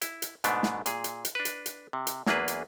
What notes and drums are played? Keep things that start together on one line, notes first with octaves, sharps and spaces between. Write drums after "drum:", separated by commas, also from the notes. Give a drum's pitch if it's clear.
E4, drum: hi-hat
drum: hi-hat
G#2 B2 A3 B3 D4, drum: hi-hat
drum: snare
A#2 G#4, drum: hi-hat
drum: hi-hat
drum: hi-hat
D4 B4
drum: hi-hat
drum: hi-hat
C3
drum: hi-hat
E2 F#3 A#3 D4 G#4 B4, drum: snare
drum: hi-hat